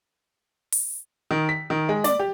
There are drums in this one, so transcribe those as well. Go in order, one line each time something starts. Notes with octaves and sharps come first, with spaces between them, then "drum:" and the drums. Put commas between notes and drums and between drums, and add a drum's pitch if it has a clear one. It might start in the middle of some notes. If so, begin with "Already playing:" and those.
drum: open hi-hat
D#3
B6
D#3
G#3
D5, drum: snare
G4